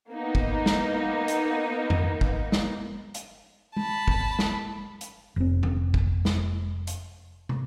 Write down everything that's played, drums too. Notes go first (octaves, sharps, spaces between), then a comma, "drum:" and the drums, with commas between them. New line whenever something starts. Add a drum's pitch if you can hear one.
A#3 B3 D#4
drum: kick
drum: snare
drum: hi-hat
drum: tom F2
drum: kick
drum: snare
drum: hi-hat
A5 B5, drum: tom G#3
drum: kick
drum: snare
drum: hi-hat
F1 C4
drum: tom F2
drum: kick
drum: snare
drum: hi-hat
drum: tom